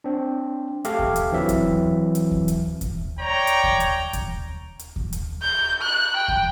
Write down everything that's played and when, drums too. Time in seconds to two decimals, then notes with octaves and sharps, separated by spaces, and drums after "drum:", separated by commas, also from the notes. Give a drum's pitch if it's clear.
0.04 C4 D4
0.85 A3 G4 A4 F5, drum: hi-hat
0.99 drum: kick D#2
1.16 drum: hi-hat
1.32 E3 F#3 C4 E5
1.49 drum: kick D#2, hi-hat
2.15 drum: hi-hat
2.31 drum: kick D#2
2.48 drum: hi-hat
2.81 drum: kick D#2, hi-hat
3.19 C#5 D5 G5 A#5
3.47 drum: hi-hat
3.64 drum: kick D#2
3.80 drum: hi-hat
4.13 drum: kick D#2, hi-hat
4.79 drum: hi-hat
4.96 drum: kick D#2
5.13 drum: hi-hat
5.42 G6
5.81 F#6
6.16 G5
6.28 drum: kick D#2